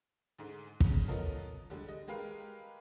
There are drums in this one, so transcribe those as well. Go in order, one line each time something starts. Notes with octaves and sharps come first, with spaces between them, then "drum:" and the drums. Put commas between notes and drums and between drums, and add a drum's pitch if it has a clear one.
D2 G#2
C#3, drum: kick
B3 F4 A4 A#4 C#5 D#5
D3 G3 G#3
D#5
G#3 G4 A#4 B4 F5